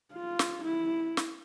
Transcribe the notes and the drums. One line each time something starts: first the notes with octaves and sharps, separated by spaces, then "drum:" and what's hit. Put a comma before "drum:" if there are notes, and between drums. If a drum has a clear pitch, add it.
F4
drum: snare
E4
drum: snare